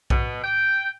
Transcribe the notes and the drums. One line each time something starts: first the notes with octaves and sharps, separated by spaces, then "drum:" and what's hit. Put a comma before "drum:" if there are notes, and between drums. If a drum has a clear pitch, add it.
B2, drum: kick B1
G5